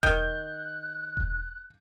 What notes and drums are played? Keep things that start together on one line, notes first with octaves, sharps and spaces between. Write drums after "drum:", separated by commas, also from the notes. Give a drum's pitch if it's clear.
D#3 F#6 G6, drum: kick E1
drum: kick E1